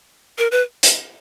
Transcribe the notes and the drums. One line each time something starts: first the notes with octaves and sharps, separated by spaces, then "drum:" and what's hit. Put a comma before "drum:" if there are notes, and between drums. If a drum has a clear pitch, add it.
A#4
B4
drum: hi-hat